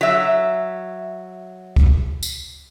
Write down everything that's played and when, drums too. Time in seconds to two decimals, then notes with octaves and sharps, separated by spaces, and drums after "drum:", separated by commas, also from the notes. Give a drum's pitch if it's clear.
0.01 F#3 E5
1.76 drum: kick C#2
2.23 drum: tambourine